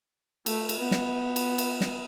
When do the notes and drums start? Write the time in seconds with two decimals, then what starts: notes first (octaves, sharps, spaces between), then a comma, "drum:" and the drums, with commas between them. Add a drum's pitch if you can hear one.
0.46 A3, drum: cymbal
0.69 drum: cymbal
0.80 B3
0.91 drum: snare
1.36 drum: cymbal
1.58 drum: cymbal
1.81 drum: snare